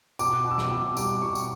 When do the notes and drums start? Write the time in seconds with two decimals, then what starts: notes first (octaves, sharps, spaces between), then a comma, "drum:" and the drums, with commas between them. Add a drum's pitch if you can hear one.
0.19 B2 D6, drum: tambourine
0.45 B2
0.51 E6
0.58 D6, drum: snare
0.71 B2
0.97 G3 D6, drum: tambourine
1.22 B2 C#6
1.35 drum: tambourine